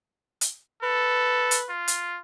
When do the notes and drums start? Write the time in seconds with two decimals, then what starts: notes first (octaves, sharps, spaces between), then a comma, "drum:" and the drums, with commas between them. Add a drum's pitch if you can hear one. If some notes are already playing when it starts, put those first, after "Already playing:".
0.41 drum: hi-hat
0.83 A4 B4
1.51 drum: hi-hat
1.69 F4
1.88 drum: hi-hat